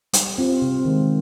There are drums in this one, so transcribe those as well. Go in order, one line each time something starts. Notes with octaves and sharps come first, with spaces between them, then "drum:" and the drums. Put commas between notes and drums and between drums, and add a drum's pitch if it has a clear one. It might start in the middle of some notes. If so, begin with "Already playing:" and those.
G3, drum: hi-hat
C4 F4
C3
D#3 G#3